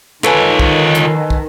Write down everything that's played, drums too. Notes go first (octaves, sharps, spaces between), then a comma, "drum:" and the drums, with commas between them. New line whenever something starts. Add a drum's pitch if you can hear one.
D#3 F4 A4 B4 C#5 G#5, drum: clap
drum: kick
drum: hi-hat
drum: kick